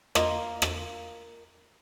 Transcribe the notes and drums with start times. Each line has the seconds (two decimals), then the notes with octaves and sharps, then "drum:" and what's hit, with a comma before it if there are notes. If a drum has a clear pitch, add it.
0.15 A#3 F4 A#4 D#5, drum: rim click
0.62 drum: rim click